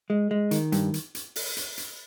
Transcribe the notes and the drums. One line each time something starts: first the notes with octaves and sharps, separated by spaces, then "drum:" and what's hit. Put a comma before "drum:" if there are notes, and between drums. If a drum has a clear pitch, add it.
G#3
G#3
D#3, drum: hi-hat
G2, drum: hi-hat
drum: hi-hat
drum: hi-hat
drum: open hi-hat
drum: hi-hat
drum: hi-hat